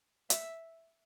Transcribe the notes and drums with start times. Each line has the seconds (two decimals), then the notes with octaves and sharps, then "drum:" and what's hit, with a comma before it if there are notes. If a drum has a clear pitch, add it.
0.30 E5, drum: hi-hat